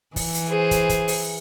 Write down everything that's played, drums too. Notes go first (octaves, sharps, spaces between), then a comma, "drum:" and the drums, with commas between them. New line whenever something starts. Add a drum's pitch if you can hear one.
E3, drum: kick, open hi-hat
drum: hi-hat
G#4 C5
drum: kick, hi-hat
drum: kick, hi-hat
drum: open hi-hat